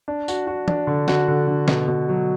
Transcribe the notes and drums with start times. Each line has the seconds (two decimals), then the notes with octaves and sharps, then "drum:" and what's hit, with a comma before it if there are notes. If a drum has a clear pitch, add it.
0.08 D4
0.28 F#4, drum: tambourine
0.47 F#4
0.68 D4, drum: tom E3
0.87 D3
1.08 F#4, drum: snare
1.28 D3
1.47 D3
1.68 B2, drum: snare
1.88 B2
2.09 F#3